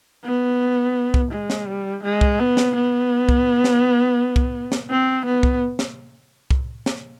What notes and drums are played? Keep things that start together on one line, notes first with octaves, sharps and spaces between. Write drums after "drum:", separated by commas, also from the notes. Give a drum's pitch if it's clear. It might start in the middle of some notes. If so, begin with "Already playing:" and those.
B3
drum: kick C2
G#3
drum: snare
G3
G#3
drum: kick C2
B3
drum: snare
B3
drum: kick C2
drum: snare
drum: kick C2
drum: snare
C4
B3
drum: kick C2
drum: snare
drum: kick C2
drum: snare